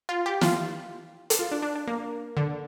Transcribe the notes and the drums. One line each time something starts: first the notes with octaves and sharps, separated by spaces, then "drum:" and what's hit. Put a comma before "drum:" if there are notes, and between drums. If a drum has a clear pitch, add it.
F4
G4
F4, drum: snare
drum: hi-hat
F4
D4
D4
D4
A#3
D3